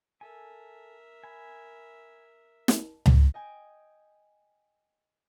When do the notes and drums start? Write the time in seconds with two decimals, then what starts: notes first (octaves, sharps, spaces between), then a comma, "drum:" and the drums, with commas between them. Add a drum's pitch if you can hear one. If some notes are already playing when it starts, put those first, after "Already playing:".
0.21 A4 A#4 E5 G#5
1.23 G#5 B5
2.68 drum: snare
3.06 drum: tom C#2
3.34 D#5 G5 G#5